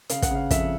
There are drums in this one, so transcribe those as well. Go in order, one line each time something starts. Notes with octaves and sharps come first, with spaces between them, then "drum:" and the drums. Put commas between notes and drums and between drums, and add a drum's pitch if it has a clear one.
C#3 F5, drum: hi-hat
F#5, drum: kick, hi-hat
C#3 F5
F2 E5, drum: kick, hi-hat